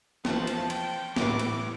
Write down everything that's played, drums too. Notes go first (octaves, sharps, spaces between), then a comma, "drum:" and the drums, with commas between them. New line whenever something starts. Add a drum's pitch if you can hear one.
E2 C3 F3 A5, drum: snare
drum: cymbal
G5, drum: cymbal
A2 E3 G3 D6, drum: snare
drum: cymbal